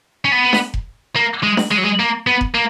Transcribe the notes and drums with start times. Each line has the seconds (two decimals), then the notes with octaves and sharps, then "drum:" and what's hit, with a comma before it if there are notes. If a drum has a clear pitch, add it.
0.25 C#4
0.32 B3
0.53 drum: snare D4
0.74 drum: kick F1
1.16 A#3
1.43 G#3
1.57 drum: snare D4
1.71 G#3
1.78 F#3
1.85 G#3
2.00 A#3
2.27 B3
2.41 drum: kick F1
2.54 A#3